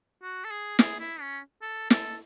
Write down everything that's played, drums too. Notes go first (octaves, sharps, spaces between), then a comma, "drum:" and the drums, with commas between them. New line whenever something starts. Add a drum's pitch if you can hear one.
F#4
A4
G#4
G#4, drum: snare
E4
C#4
A4
A4, drum: snare